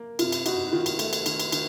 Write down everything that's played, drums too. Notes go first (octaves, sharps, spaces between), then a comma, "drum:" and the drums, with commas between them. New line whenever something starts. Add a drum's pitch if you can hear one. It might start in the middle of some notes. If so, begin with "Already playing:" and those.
Already playing: A#3
C3 F4, drum: cymbal
drum: cymbal
D#4 F#4, drum: cymbal
F#4
D#3 F4
drum: cymbal
A3, drum: cymbal
drum: cymbal
D#3, drum: cymbal
drum: cymbal
D#3, drum: cymbal